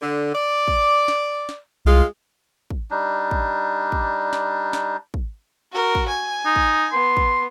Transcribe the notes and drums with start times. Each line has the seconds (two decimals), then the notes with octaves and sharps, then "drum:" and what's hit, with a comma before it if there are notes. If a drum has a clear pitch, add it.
0.01 D3
0.33 D5
0.68 drum: kick
1.08 drum: snare
1.49 drum: snare
1.85 C2 G#3 F4
2.70 drum: kick
2.91 G3 D4 D#4
3.31 drum: kick
3.92 drum: kick
4.33 drum: snare
4.73 drum: snare
5.14 drum: kick
5.72 F#4 A#4
5.95 drum: kick
6.09 G#5
6.45 D#4
6.56 drum: kick
6.92 B3 C6
7.17 drum: kick